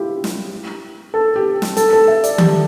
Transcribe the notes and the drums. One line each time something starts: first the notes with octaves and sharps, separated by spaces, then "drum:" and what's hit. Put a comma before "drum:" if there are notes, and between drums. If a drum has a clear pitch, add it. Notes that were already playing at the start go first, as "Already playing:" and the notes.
Already playing: E4 F4 G4
drum: snare
A4
G4
drum: snare
A4, drum: hi-hat
A4
E5
D5, drum: hi-hat
G4, drum: tom D#3